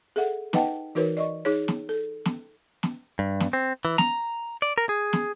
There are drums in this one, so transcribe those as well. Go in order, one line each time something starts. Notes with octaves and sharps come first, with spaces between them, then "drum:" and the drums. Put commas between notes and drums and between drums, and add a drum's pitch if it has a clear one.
G#4 A4 E5 F#5
D#4 B4 D#5 F#5 G5 A5, drum: snare
E3 D#4 F#4 A#4 B4 C#5
D5 D#5 C#6
D#4 G#4 C#5
drum: snare
A4
drum: snare
drum: snare
G2
drum: snare
C4
E3
A#5, drum: snare
D5
A#4
G#4
drum: snare